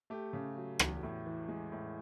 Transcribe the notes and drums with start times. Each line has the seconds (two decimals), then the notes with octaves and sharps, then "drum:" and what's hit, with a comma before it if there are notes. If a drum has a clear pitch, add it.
0.10 A3 G4
0.33 C#3
0.56 F#3
0.79 E2, drum: rim click
1.03 A2
1.26 E3
1.48 G#3
1.72 A2